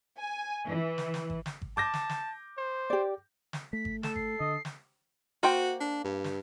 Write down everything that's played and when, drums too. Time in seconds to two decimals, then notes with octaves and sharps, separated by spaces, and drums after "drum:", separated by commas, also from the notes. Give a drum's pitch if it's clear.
0.18 G#5
0.67 E3
0.98 drum: snare
1.14 drum: snare
1.30 drum: kick G#1
1.46 drum: snare
1.62 drum: kick G#1
1.77 A5 D6 G6 A#6
1.94 drum: snare
2.09 drum: snare
2.58 C5
2.90 G4 D5
3.53 drum: snare
3.73 A3 B6
3.85 drum: kick G#1
4.03 A4 E7, drum: snare
4.16 C7, drum: kick G#1
4.40 D3 D#5
4.65 drum: snare
5.43 A#3 F#4 C5 G5
5.81 D4
6.04 G2
6.24 drum: snare